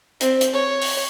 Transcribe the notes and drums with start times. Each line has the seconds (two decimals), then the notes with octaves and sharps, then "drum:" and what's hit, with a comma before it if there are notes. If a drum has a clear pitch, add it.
0.21 C4, drum: hi-hat
0.41 drum: hi-hat
0.53 C#5
0.82 drum: open hi-hat